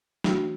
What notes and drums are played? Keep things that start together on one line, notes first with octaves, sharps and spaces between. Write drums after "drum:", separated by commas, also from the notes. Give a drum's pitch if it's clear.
E3 A3 D4 F#4, drum: snare